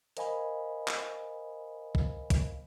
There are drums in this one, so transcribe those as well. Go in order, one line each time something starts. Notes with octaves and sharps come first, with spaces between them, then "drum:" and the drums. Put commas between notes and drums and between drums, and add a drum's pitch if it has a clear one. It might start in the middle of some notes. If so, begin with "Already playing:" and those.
A#4 C5 D#5 F5 G#5 B5, drum: hi-hat
drum: clap
drum: kick
drum: kick, hi-hat